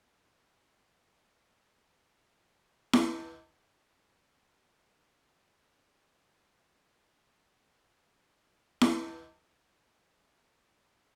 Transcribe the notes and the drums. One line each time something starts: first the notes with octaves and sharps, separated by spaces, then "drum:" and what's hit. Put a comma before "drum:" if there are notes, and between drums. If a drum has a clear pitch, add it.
D3
A#4
B2 G3
E1 G4 E5
drum: snare E4
C4 D5 A5 C6 D#6
G2 C#4 D#5
drum: snare E4
G4 G#4 C5 E5 F#5
A4 A#4 D5
A#4 D5 F#5